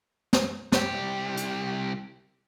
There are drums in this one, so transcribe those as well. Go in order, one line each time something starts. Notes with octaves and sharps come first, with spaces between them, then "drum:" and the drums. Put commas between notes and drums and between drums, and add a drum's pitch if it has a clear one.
drum: snare
C2 G4, drum: snare
drum: hi-hat